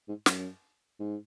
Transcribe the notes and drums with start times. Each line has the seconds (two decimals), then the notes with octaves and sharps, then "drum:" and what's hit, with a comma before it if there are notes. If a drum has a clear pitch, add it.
0.08 G#2
0.26 F#2, drum: snare
0.99 G#2